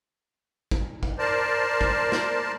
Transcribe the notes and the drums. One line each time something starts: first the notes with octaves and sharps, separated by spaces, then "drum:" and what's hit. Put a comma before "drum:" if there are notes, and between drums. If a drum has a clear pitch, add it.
drum: kick
drum: kick
A#4 C5 D5 A5
drum: kick
drum: snare